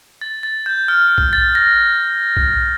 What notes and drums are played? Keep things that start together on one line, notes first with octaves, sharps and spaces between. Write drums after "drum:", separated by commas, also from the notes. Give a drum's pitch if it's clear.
A6
A6
G6
F6
drum: kick B1
A6
A#6
drum: kick B1